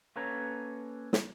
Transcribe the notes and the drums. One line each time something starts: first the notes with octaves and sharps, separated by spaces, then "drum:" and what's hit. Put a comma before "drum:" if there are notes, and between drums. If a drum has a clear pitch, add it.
A#3 C#4 A4 B4 C#5 A#5
drum: snare